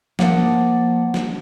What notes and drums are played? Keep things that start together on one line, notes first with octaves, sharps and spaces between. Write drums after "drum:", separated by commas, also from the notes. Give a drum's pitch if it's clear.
F3 A#3 D5 F#5, drum: snare
drum: snare